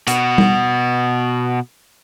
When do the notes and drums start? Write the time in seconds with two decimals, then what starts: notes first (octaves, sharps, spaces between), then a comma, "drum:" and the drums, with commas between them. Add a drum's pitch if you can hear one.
0.08 B2 F#4, drum: hi-hat
0.38 drum: tom G3